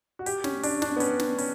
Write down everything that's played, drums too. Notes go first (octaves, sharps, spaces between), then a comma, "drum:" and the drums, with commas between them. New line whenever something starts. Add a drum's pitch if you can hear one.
F#4
G4, drum: hi-hat
C#4, drum: snare
D4, drum: open hi-hat
D4, drum: snare
B3
C#4, drum: hi-hat
drum: snare
C#4, drum: open hi-hat